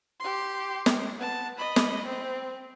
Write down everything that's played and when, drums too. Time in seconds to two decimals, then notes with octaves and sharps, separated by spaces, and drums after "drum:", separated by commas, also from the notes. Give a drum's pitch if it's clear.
0.20 G4 C6
0.86 drum: snare
1.17 B3 A5
1.58 D#5 B5
1.76 drum: snare
2.06 C4